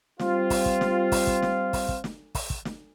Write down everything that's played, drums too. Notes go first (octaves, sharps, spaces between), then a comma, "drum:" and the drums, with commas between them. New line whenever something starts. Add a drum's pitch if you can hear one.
G3 C4 F4, drum: snare
drum: kick, open hi-hat
drum: kick
drum: snare
drum: kick, open hi-hat
drum: kick
drum: snare
drum: kick, open hi-hat
drum: kick
drum: snare
drum: kick, open hi-hat
drum: kick
drum: snare